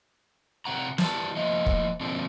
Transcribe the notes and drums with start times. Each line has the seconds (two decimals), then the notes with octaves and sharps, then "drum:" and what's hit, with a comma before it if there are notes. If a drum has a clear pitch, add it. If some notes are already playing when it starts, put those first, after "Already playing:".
0.65 C3 C4 F#5 A#5
0.98 E3 G3 A5, drum: snare
1.36 F3 A#3 C5 D#5
1.66 drum: kick
2.01 B2 F3 A#3 C4 D4 A4